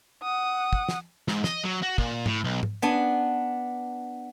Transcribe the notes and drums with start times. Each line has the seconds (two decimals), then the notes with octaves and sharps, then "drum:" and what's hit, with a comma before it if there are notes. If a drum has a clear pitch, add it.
0.23 F#5 D#6
0.73 drum: kick
0.89 drum: snare
1.28 G#2, drum: snare
1.44 D#5, drum: snare
1.64 F#3
1.82 F#4
1.98 A#2, drum: kick
2.26 A2, drum: tom G#2
2.44 B1
2.63 drum: tom G#2
2.82 B3 D4 G#5